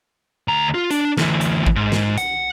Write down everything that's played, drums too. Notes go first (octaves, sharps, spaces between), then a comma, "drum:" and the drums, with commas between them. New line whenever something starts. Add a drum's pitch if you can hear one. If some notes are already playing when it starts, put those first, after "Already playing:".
D2 A#5
F4
D4, drum: hi-hat
D2 E3, drum: snare
drum: hi-hat
drum: kick G#1
G#2
drum: snare
F#5, drum: hi-hat